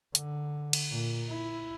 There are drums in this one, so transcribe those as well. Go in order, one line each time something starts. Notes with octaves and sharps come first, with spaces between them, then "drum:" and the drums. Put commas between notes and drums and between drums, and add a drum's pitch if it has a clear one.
D3, drum: hi-hat
drum: cymbal
A#2
E4